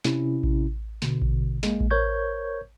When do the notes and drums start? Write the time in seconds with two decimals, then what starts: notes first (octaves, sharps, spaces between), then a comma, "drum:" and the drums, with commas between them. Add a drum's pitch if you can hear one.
0.04 C3 C#4 E4, drum: snare
0.44 drum: kick A1
1.02 B2 D3, drum: snare
1.22 drum: kick A1
1.63 G#3 A#3, drum: snare
1.80 drum: kick A1
1.90 A#4 C5 C#5 C#6 G6 G#6